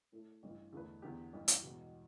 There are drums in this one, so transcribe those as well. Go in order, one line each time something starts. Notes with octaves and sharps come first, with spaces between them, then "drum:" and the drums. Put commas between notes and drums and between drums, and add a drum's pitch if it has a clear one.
A2 A3 E4 A4
A1 G2 E3
E2 D3 A3 E4 B4
E2 D3 B3 G4
A1 G2 E3
drum: hi-hat
E1 E2 B2 B3